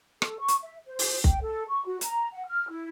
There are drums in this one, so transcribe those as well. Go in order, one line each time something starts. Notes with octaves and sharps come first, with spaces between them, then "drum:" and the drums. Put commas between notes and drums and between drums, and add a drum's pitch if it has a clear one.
A4, drum: rim click
C#6
drum: hi-hat
E5
C5
drum: open hi-hat
G5, drum: kick
A4
C#6
F#4
A#5, drum: hi-hat
F#5
F6
E4